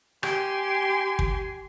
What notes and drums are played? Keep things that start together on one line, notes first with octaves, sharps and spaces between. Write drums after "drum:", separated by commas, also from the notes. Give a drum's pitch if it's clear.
G4 G#5 C6, drum: rim click
drum: kick